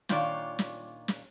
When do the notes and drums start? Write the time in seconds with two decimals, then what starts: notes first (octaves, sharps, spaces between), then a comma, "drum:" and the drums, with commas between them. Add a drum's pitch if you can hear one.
0.09 A#2 D#3 D4 F4 C#5 D5, drum: snare
0.59 drum: snare
1.08 drum: snare